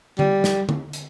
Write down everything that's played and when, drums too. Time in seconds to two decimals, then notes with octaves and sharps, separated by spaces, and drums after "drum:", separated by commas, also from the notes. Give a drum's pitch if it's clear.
0.19 G3, drum: tom D3
0.44 drum: snare
0.69 drum: tom D3
0.93 drum: hi-hat